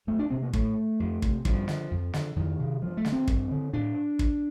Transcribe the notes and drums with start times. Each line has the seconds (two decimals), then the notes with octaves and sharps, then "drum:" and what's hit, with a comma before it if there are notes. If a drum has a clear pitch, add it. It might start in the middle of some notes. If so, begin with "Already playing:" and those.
0.07 F2 A3
0.19 D4
0.30 C3 C4
0.42 A#3
0.53 A2 A3, drum: kick
1.00 F2
1.22 C3, drum: kick
1.45 G2 F3, drum: kick
1.68 D3, drum: snare
1.91 F2
2.13 D3, drum: snare
2.36 F2 D#3
2.59 C3
2.82 G2 F3
2.97 A3
3.05 D3, drum: snare
3.12 C4
3.27 G2, drum: kick
3.51 D3
3.73 A2 D4
4.19 drum: kick